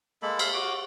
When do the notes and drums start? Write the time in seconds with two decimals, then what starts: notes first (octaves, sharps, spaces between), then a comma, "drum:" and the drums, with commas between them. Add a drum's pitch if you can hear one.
0.22 G#3 A#3 A4 B5
0.39 E5 F5, drum: cymbal
0.54 F#4 D6